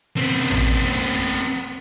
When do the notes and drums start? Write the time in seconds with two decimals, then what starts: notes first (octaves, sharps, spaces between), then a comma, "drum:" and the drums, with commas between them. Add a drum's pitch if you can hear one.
0.17 B3 C4
0.51 drum: tom A1
0.98 drum: open hi-hat